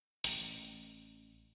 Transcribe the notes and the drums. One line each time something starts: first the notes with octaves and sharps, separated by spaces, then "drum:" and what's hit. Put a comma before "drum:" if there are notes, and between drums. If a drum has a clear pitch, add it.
A1, drum: hi-hat